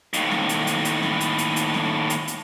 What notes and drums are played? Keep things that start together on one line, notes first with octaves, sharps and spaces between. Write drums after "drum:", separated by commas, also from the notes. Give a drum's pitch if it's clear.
D#2 A2, drum: hi-hat
drum: snare
drum: hi-hat
drum: hi-hat
drum: hi-hat
drum: snare
drum: hi-hat
drum: hi-hat
drum: hi-hat
drum: snare
drum: hi-hat
drum: hi-hat